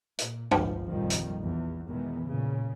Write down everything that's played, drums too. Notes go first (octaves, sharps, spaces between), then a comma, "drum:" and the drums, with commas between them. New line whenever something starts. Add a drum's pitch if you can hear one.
A#2, drum: hi-hat
G#1 C#2 F3, drum: tom
A#1 F2 D#3 F3 G3
drum: hi-hat
E2
E2 B2 D#3 E3 G#3 B3
A#2 C#3